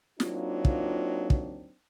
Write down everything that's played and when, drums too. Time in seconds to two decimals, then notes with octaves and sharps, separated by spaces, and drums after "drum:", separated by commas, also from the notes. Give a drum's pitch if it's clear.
0.20 F#3 A#3 C4 D4 D#4 F4, drum: snare
0.65 drum: kick
1.30 drum: kick